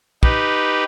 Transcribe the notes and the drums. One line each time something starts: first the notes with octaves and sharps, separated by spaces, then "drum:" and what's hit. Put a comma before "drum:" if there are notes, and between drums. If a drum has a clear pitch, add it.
D#4 G4 B4, drum: kick